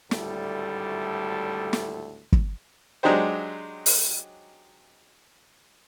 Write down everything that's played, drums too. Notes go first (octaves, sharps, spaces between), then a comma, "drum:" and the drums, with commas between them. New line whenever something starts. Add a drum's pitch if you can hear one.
G#1 D2 A2 G3 A4, drum: snare
drum: snare
drum: kick
F#3 G#3 D4 D#4 G4 C5
drum: open hi-hat